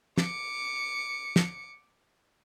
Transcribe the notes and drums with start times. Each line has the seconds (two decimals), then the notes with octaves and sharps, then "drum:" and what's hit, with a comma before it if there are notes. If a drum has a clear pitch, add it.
0.18 D6 C#7, drum: snare
1.36 drum: snare